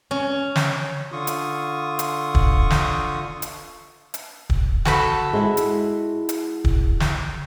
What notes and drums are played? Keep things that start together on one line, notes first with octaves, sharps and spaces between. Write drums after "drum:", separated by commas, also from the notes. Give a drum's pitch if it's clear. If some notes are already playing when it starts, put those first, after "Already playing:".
C#4
drum: snare
D3 F4 C#6 D#6
drum: hi-hat
drum: hi-hat
drum: kick
drum: snare
drum: hi-hat
drum: hi-hat
drum: kick
F#4 A4 B5, drum: snare
G#3 E4
drum: hi-hat
drum: hi-hat
drum: kick
drum: snare